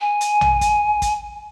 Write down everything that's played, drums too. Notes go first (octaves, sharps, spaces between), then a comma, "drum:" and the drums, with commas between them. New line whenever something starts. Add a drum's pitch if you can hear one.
G#5
drum: hi-hat
drum: tom A#1
drum: kick, hi-hat
drum: kick, hi-hat